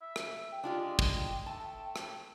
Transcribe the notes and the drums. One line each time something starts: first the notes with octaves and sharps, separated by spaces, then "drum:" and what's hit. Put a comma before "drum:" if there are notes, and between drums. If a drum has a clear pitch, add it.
E5
drum: rim click
G5
G#3 D4 F4 G4
drum: kick
A3 A5
drum: rim click